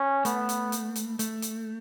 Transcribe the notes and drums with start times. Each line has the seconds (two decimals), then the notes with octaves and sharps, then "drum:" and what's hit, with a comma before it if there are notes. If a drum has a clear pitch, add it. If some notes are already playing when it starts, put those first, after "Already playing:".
Already playing: C#4
0.25 A3 B3, drum: hi-hat
0.49 drum: hi-hat
0.72 drum: hi-hat
0.96 drum: hi-hat
1.19 A3, drum: hi-hat
1.42 drum: hi-hat